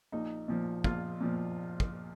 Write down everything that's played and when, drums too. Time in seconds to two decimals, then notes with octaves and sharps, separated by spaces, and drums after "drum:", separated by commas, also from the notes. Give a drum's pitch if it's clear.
0.12 A#1 D#4
0.48 A#2 F3
0.84 A#1 F4, drum: kick
1.20 A#2 F3
1.80 drum: kick